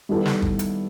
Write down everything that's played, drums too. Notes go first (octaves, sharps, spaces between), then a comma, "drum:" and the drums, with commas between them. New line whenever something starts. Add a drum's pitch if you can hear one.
D#3 G3 B3 E4 A4
drum: snare
drum: kick
drum: hi-hat